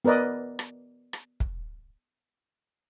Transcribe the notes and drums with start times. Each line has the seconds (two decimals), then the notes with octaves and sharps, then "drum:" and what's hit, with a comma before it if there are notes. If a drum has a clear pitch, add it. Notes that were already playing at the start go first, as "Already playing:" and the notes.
0.05 B3 A#4 B4 D5 D#5
0.59 drum: rim click
1.13 drum: rim click
1.40 drum: kick